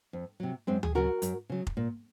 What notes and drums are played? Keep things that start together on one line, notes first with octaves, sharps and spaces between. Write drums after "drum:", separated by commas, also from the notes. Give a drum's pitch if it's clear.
F2
C3 F#3
F#2 G#3 C4
G#4, drum: tom D2
C#3 F#3 F#4 A#4
F#2, drum: hi-hat
C#3 F#3
drum: kick
A#2